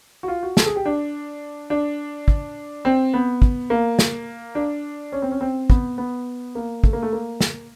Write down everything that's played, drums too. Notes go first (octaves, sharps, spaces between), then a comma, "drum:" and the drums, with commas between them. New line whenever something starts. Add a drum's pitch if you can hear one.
F#4
F4
F#4
A4, drum: snare
G#4
G4
D4
D4
drum: kick
C4
B3
drum: kick
A#3
drum: snare
D4
C#4
C4
C#4
C4
B3, drum: kick
B3
A#3
A3, drum: kick
A#3
A3
A#3
drum: snare